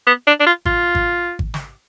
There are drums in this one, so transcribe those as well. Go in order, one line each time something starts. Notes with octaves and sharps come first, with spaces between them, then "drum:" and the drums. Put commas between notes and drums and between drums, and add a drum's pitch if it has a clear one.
B3
D4
D4
F4
F4, drum: kick G#1
drum: kick G#1
drum: kick G#1
drum: snare